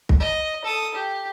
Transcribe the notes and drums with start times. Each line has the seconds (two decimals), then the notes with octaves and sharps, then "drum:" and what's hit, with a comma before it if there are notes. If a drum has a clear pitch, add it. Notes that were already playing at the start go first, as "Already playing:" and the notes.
0.09 drum: kick
0.20 D#5
0.65 A4 D#6
0.94 G4